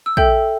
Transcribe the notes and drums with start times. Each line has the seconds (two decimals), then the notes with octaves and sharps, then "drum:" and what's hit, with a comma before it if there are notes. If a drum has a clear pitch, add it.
0.06 E6
0.17 A4 E5 G5 G6, drum: kick A#1